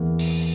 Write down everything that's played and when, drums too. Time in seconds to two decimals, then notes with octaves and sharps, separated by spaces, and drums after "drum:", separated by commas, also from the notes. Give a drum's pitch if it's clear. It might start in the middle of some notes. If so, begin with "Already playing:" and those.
Already playing: E2 E3 A#3
0.19 drum: open hi-hat